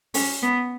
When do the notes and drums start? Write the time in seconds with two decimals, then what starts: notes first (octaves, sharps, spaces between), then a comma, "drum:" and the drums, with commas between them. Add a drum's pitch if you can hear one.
0.14 C#4, drum: open hi-hat
0.42 B3